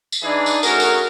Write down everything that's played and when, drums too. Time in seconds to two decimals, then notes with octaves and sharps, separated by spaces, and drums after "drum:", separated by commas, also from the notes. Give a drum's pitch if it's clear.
0.12 drum: tambourine
0.23 E3 D4 D#4 G#4
0.46 drum: tambourine
0.63 A3 C#4 F#4 G#4 A#4, drum: tambourine
0.80 drum: tambourine